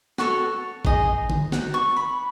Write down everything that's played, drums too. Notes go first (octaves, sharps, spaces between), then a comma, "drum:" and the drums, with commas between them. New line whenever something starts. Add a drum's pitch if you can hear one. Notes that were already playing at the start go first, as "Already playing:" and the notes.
F#4 A4 C#5 C#6, drum: snare
D#4 G#4 D#5, drum: kick
drum: tom D3
D#4 F#4, drum: snare
C#6
B5